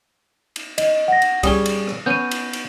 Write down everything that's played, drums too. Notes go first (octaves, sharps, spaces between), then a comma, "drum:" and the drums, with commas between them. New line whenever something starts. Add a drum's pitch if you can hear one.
drum: cymbal
D#5, drum: cymbal
F#5 A#6
drum: cymbal
G3 C#4 G#4 D#6 G7, drum: kick C2, cymbal
drum: cymbal
drum: rim click
B3 C#4 G6 D#7
drum: cymbal
drum: cymbal